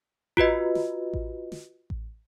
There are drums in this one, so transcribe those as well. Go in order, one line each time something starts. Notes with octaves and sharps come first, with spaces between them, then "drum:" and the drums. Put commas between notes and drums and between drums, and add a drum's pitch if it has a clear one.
F4 F#4 B4 D#5, drum: kick A1
drum: snare
drum: kick A1
drum: snare
drum: kick A1